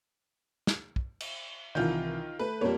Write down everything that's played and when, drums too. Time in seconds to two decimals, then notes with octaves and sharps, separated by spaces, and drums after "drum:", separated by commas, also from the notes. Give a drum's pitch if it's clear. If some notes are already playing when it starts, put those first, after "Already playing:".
0.67 drum: snare
0.96 drum: kick
1.20 drum: cymbal
1.75 C2 D#3 E3 F4 G6
2.39 A3 B4
2.61 F2 G3 A#3 C#5